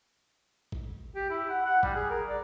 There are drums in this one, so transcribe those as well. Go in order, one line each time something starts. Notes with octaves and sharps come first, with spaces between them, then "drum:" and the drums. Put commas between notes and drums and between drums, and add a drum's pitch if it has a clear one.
drum: kick
G4
E4
F#5
F#5
G3, drum: kick
G#4
A#4
D5